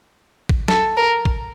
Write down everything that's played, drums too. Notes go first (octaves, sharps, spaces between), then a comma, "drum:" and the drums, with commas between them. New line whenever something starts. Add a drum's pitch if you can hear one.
drum: kick A1
A4, drum: snare
A#4
drum: kick A1